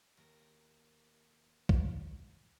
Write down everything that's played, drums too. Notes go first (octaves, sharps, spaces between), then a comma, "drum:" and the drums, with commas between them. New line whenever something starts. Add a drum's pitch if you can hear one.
D#2 A#4
drum: kick